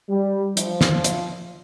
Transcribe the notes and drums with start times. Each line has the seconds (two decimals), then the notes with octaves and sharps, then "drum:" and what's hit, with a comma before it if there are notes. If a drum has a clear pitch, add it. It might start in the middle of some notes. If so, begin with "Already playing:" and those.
0.10 G3
0.57 F3, drum: hi-hat
0.81 drum: snare
1.04 drum: hi-hat